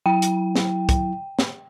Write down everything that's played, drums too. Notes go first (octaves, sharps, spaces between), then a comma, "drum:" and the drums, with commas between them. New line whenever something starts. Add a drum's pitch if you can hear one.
F#3 E4 G5
drum: hi-hat
drum: snare
drum: kick, hi-hat
drum: snare